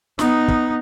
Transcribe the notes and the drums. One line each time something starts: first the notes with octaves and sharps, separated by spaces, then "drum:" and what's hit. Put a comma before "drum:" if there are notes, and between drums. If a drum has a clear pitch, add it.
B3 D#4, drum: snare
drum: kick